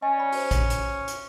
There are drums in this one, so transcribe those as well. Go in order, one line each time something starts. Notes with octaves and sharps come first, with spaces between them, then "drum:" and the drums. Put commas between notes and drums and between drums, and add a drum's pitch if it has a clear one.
C#4 D#5 G#5
D5 B5
F#4 C5, drum: open hi-hat
drum: kick A#1, hi-hat
drum: hi-hat
drum: hi-hat